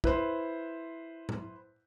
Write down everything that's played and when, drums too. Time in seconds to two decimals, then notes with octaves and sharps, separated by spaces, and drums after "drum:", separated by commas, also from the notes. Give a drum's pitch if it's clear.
0.04 E4 B4 C5, drum: kick
1.29 drum: tom A2